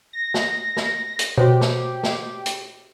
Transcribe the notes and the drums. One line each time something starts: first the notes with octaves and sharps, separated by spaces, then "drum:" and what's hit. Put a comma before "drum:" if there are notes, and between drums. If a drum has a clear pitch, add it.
A#6
drum: snare
drum: snare
drum: hi-hat
B2 F#4 G4 C5 C#5
drum: snare
drum: snare
drum: hi-hat